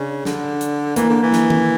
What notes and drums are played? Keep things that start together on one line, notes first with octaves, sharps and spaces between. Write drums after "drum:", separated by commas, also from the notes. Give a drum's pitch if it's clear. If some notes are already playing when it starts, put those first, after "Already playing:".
Already playing: C#3 D4
D3, drum: snare
drum: hi-hat
E3 A#3, drum: hi-hat
D3
E3
drum: snare
drum: tom D#3